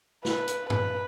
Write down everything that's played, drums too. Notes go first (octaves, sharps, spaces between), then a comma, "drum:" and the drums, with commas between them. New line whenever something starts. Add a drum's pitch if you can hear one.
B4, drum: snare
drum: hi-hat
B4, drum: tom G2